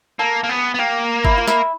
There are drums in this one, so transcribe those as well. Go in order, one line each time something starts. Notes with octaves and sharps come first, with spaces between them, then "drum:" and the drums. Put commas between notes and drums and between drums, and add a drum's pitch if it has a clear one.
A#3 A4
A#3
B3 G#4
B3
A#3 G4
E4, drum: kick G1
F4
E4, drum: snare